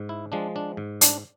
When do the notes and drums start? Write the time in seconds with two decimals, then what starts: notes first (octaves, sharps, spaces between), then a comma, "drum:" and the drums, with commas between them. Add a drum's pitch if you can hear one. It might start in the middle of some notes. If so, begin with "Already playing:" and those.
Already playing: G#2
0.09 E4
0.32 F3 G#3 D4
0.56 D4
0.77 G#2
1.01 D4, drum: hi-hat